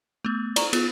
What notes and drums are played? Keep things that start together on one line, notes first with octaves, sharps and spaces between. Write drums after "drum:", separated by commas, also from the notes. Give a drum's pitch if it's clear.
A3 B3
D5 A#5 C#6, drum: cymbal
B3 F4, drum: cymbal